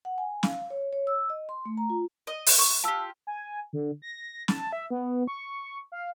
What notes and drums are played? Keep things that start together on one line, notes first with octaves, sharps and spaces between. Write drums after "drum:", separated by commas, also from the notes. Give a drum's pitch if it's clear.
F#5
G#5
F5, drum: snare
C#5
C#5
E6
D#5
C6
A3
A#5
F4
D#5
drum: open hi-hat
C#6
F4 G4 A5 E6
G#5
D3
A#6
A5, drum: snare
E5
B3
C#6
F5